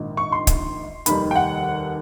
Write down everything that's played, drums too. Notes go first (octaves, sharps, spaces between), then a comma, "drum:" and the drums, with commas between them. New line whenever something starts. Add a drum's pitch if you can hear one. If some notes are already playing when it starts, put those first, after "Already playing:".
Already playing: A#1 G#2 D#3
C#6
C6
drum: kick, hi-hat
F1 D#2 D#3 G3 B5, drum: hi-hat
G5
F#5